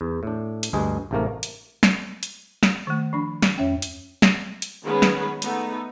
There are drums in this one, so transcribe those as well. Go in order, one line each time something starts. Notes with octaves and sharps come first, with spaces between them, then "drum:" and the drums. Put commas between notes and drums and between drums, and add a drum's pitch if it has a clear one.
E2
A2 D4
drum: hi-hat
D2 G2 G#3 G#4
A1 G#2 C3 A3 A#3 A#4
drum: hi-hat
drum: snare
drum: hi-hat
drum: snare
D#3 A3
F3 D4 B5
drum: snare
F2 C#4 C#5 E5 G5
drum: hi-hat
drum: snare
drum: hi-hat
D#3 G#3 B3 C#4 G#4 B4
drum: snare
A3 B3 D#4, drum: hi-hat